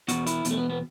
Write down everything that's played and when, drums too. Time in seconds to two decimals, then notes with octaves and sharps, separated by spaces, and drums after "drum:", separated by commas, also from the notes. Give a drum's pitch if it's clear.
0.08 E2 B2 F#4, drum: hi-hat
0.26 E4, drum: hi-hat
0.45 E2 B2, drum: hi-hat
0.51 A3
0.58 B3
0.70 B3